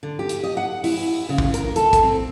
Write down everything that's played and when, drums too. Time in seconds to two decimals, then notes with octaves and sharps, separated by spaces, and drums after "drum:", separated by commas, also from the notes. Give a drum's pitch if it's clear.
0.03 D3
0.19 G4
0.29 drum: hi-hat
0.43 D#5
0.57 F#5
0.84 E4, drum: open hi-hat
1.29 C#3
1.38 drum: kick
1.54 A#4, drum: hi-hat
1.76 A4, drum: hi-hat
1.93 drum: kick, hi-hat
2.03 C4